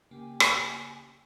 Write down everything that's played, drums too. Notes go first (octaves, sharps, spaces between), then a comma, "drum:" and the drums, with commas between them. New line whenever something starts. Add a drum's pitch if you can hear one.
C#3 A#3 G4 G#5
drum: rim click